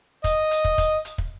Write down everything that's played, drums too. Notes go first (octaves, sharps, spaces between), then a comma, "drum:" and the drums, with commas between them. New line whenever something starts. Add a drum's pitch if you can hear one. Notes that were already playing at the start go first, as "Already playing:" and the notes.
D#5, drum: kick, hi-hat
drum: hi-hat
drum: kick
drum: kick, hi-hat
drum: hi-hat
drum: kick